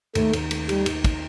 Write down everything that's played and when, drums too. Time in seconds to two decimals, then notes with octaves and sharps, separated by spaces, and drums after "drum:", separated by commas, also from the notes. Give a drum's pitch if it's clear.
0.15 D#2 A3, drum: cymbal
0.33 D#2, drum: cymbal
0.51 A3, drum: cymbal
0.69 D#3 G3, drum: cymbal
0.86 D#2, drum: cymbal
1.04 drum: kick, cymbal